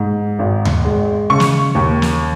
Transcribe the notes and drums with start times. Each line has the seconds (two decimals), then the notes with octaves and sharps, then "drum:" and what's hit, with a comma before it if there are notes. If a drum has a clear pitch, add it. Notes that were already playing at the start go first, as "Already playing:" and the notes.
Already playing: G#2
0.39 G#1
0.65 drum: tom D#2
0.85 G#3
1.30 C#3 C#6
1.40 drum: snare
1.75 D#2
2.02 drum: snare